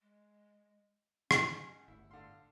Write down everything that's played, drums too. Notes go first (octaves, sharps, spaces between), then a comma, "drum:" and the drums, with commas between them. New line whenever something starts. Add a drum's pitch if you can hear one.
G#3
G#2 A3 C#4 F#5, drum: rim click
G1 A2 E4 F#5
D3 F5 C6